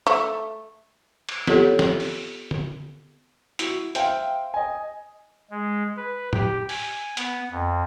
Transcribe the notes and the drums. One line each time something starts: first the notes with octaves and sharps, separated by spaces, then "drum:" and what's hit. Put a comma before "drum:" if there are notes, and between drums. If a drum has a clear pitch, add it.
A3
drum: cymbal
B3 F4 G4 A4 C#5 F#5, drum: snare
drum: snare
drum: open hi-hat
drum: tom
E4 F#4, drum: hi-hat
C5 E5 F5 G5, drum: hi-hat
D#5 G#5
G#3
B4
G4, drum: tom
G#5, drum: open hi-hat
B3, drum: hi-hat
F2